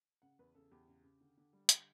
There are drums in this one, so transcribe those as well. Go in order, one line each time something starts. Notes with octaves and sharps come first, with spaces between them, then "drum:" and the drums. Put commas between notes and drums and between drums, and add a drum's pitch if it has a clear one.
C#3 F#5
E2 B4
C#3 A4
E2 G4
C#3
C#3
D3
D3
G3
D3, drum: hi-hat